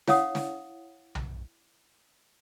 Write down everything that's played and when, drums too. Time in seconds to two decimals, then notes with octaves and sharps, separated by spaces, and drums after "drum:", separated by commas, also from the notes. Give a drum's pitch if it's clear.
0.08 E4 C#5 F5 F#5 D#6, drum: snare
0.35 drum: snare
1.15 drum: tom B1